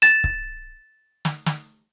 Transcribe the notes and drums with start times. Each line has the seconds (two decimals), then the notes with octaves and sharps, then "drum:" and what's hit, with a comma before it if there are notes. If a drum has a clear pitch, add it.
0.02 A6 E7, drum: hi-hat
0.24 drum: kick C#1
1.25 drum: snare
1.46 drum: snare